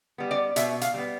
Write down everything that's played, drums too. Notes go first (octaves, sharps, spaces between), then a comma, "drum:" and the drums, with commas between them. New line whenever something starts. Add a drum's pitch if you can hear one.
G3 B3
D5
B2 E5, drum: hi-hat
F5, drum: hi-hat
G3 B3